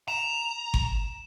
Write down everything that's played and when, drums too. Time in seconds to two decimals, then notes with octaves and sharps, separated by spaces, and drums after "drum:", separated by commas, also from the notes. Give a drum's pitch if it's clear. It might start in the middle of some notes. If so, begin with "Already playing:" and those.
0.08 A#5 E7
0.74 drum: kick G1